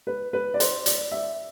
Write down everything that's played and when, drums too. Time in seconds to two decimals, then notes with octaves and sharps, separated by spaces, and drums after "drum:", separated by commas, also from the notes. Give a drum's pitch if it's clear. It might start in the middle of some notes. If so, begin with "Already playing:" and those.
0.07 B4
0.33 B4
0.54 D5
0.60 C5, drum: hi-hat
0.86 D5, drum: hi-hat
1.11 E5